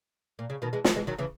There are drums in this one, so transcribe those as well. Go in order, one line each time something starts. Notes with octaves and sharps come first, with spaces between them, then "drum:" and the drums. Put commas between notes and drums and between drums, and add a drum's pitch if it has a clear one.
A#2
C#3
B2 D#3
E3 G#3
D#3 F#3, drum: snare
E3 G#3
D#3 F#3
C#3 E3